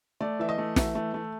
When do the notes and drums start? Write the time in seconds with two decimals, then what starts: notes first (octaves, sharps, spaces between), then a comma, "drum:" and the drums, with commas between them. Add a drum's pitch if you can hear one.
0.21 A3 D5
0.39 E3 E5
0.49 D#5
0.58 A3
0.76 E3 E5, drum: snare
0.95 A3
1.14 A3